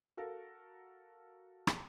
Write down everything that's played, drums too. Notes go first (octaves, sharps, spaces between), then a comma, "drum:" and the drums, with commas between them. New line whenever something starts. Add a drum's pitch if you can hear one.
F#4 A4 A#4 F5
drum: rim click